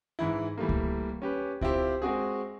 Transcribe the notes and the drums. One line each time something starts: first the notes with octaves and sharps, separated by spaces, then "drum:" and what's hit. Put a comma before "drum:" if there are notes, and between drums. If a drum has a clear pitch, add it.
G#2 E3 E4
E3 G3 A3 A#3
drum: kick C#2
C#4 G4 B4
C4 E4 F4 G4 C5, drum: kick C#2
G#3 C4 F#4 G#4